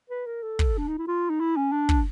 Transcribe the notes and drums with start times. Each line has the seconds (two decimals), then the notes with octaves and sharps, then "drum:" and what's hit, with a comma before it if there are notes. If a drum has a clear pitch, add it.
0.10 B4
0.27 A#4
0.43 A4
0.59 drum: kick
0.78 D4
0.88 D#4
0.98 E4
1.07 F4
1.30 D#4
1.40 E4
1.56 C#4
1.72 D4
1.89 drum: kick